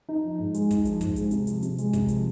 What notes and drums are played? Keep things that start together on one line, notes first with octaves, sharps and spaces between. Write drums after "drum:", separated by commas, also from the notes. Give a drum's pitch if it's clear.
D#4
F3
G#2
G#3, drum: hi-hat
D#4, drum: kick, hi-hat
F3, drum: hi-hat
G#2, drum: kick, hi-hat
G#3, drum: hi-hat
C3, drum: hi-hat
F3, drum: hi-hat
C3, drum: hi-hat
G#3, drum: hi-hat
C3, drum: kick, hi-hat
F3, drum: hi-hat